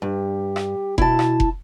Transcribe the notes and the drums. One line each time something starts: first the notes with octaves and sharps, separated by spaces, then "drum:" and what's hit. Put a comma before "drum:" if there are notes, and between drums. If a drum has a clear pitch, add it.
G2 G4
drum: rim click
B2 E4 A5, drum: kick F1
drum: rim click
drum: kick F1